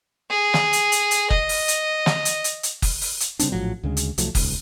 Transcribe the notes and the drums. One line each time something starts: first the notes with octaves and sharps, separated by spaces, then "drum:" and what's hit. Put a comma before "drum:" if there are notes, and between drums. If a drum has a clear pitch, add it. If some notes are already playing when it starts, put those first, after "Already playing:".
G#4
drum: snare
drum: hi-hat
drum: hi-hat
drum: hi-hat
D#5, drum: kick
drum: open hi-hat
drum: hi-hat
drum: snare
drum: hi-hat
drum: hi-hat
drum: hi-hat
drum: kick, open hi-hat
drum: open hi-hat
drum: hi-hat
C#3 G3 C4 D4, drum: hi-hat
A#1 A2 F3 F#3
D2 C#3 G#3
drum: hi-hat
C2 F3 F#3 A3, drum: hi-hat
D#1 C#2, drum: kick, open hi-hat